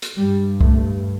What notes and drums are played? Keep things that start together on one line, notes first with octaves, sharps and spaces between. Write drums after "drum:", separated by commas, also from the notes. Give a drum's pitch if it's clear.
drum: hi-hat
G2 G3
A3, drum: kick C2